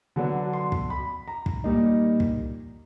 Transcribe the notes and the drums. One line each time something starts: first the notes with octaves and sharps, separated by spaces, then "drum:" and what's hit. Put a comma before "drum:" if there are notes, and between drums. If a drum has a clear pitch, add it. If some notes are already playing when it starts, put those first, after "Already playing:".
D3 F#3 B3 D4
C6
drum: kick
B5
A#5
drum: kick
A#2 G3 A#3 D#4
drum: kick